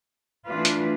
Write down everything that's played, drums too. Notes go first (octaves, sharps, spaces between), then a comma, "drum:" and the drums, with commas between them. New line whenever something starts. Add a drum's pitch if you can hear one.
E3 A3 D4 F4 B4
drum: hi-hat